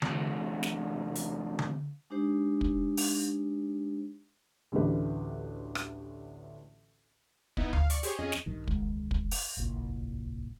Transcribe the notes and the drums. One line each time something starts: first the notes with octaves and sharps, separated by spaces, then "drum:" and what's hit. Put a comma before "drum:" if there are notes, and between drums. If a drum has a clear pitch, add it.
E2 C3, drum: tom D3
drum: snare
drum: hi-hat
drum: tom D3
G#3 D4 D#4 G4 C5
drum: kick
drum: open hi-hat
A1 D2 A2 D3 G4 B4
drum: rim click
B3 D#4 E4, drum: kick
F5, drum: tom D2
D5 C#6, drum: hi-hat
G4 G#4 C5 C#5, drum: hi-hat
F2 C#4 G#4 D#5
drum: snare
A#1 G2 D#3
E1 C#2 D#3 G#3, drum: kick
drum: kick
drum: open hi-hat
D1 G1 C2 A#2